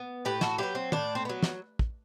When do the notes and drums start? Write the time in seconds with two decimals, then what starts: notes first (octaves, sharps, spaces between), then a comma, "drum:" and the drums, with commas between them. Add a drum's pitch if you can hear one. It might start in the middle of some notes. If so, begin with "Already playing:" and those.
Already playing: B3
0.25 A2 G4 B4
0.41 F#4 A4, drum: snare
0.58 F#3 B3 E4 G4
0.75 C4
0.92 A2 D4, drum: tom
1.15 C4
1.25 F#3 B3
1.43 drum: snare
1.79 drum: kick